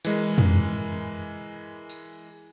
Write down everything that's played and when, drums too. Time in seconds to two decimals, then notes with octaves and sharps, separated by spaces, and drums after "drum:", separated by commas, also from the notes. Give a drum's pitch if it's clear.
0.05 E3 G#3 A#4, drum: hi-hat
0.38 drum: tom F2
1.90 drum: tambourine